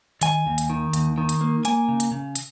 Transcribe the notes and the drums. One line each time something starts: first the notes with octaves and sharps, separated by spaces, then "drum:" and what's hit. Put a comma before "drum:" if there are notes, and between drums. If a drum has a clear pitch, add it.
D#3 G#5, drum: hi-hat
D#2
drum: hi-hat
D#3
D#2, drum: hi-hat
D#3
drum: hi-hat
A#3
A#3 G#5, drum: hi-hat
C#3
drum: hi-hat
C#3
drum: hi-hat